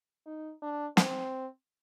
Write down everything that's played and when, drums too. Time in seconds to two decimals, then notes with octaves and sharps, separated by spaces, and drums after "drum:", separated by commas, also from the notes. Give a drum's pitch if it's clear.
0.26 D#4
0.62 D4
0.97 C4, drum: snare